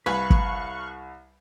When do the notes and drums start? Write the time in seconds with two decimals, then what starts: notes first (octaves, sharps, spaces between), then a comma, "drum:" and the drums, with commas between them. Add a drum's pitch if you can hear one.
0.06 C2 B4 F5 G#5 B5 C#6 F#6
0.30 drum: kick